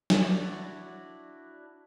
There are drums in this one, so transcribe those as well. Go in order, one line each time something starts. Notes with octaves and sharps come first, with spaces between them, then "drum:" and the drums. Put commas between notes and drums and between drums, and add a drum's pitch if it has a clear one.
drum: snare
D4 E4 F#4 C#5 D5